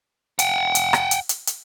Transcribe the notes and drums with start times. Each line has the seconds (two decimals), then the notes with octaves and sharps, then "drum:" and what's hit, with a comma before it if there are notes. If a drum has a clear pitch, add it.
0.39 F#5 G5, drum: hi-hat
0.75 drum: hi-hat
0.93 drum: rim click
1.11 drum: hi-hat
1.29 drum: hi-hat
1.47 drum: hi-hat